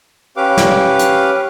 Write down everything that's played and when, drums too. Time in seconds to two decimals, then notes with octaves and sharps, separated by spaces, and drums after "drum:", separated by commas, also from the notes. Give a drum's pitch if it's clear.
0.37 C#4 G4 B4 F5 D6
0.57 drum: snare
0.99 drum: hi-hat